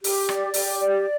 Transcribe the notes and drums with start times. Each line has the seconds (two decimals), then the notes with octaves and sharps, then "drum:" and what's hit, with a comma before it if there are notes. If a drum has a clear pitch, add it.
0.04 G4, drum: open hi-hat
0.29 D5, drum: rim click
0.54 G4, drum: open hi-hat
0.79 D5